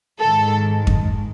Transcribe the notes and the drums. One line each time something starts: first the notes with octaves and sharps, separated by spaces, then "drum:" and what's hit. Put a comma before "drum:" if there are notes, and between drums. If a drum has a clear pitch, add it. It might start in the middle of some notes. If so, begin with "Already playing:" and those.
G#2 D#3 G#3 A4
drum: kick F2